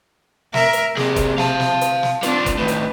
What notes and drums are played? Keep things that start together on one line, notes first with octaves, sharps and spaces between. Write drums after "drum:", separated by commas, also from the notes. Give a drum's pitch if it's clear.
A#4 E5, drum: snare
drum: hi-hat
C3 A#3 G#4, drum: snare
drum: kick F#1, hi-hat
F5 A5, drum: snare
drum: snare
drum: hi-hat
drum: snare
G3 C4 D4 F4, drum: hi-hat
drum: kick F#1, hi-hat
A2 D#3 B4
drum: hi-hat